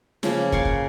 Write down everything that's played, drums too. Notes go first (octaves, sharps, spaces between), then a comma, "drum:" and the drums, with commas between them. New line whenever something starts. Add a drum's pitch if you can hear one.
C#3 F3 A#3, drum: snare
A#4 C#5 F5 F#5, drum: kick
drum: kick